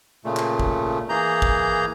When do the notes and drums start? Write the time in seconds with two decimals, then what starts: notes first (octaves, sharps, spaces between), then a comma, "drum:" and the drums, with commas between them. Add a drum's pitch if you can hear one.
0.25 A#2 C#3 A3
0.37 drum: clap
0.60 drum: kick
1.09 E3 A#3 G#4 A#5 G6
1.42 drum: kick